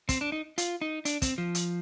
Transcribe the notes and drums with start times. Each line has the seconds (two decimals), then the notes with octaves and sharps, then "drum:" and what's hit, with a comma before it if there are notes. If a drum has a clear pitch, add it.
0.09 C4, drum: kick, hi-hat
0.21 D4
0.32 D#4
0.58 F4, drum: hi-hat
0.81 D#4
1.05 D4, drum: hi-hat
1.22 C4, drum: kick, hi-hat
1.38 F3
1.55 drum: hi-hat